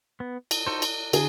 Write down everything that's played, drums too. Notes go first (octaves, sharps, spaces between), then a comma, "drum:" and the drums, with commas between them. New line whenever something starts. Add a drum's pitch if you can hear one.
B3
drum: cymbal
D#4 F#4 A4 C5
drum: cymbal
D3 G#4, drum: cymbal